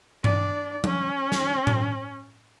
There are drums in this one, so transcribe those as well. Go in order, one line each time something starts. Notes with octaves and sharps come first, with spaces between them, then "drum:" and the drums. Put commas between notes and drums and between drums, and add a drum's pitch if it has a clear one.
D4 D5, drum: tom G2
C#4, drum: tom F3
drum: snare
drum: tom A2